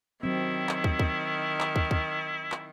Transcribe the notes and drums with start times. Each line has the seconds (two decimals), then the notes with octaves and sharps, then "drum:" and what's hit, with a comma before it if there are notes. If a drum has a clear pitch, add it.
0.23 D#3 F#3 C4 E4
0.69 drum: clap
0.84 drum: kick
0.99 drum: kick
1.60 drum: clap
1.76 drum: kick
1.91 drum: kick
2.52 drum: clap